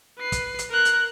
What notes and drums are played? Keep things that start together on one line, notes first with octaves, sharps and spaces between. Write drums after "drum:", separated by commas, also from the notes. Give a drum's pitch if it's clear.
B4 C7
drum: kick, hi-hat
drum: hi-hat
A#4 F#6
drum: hi-hat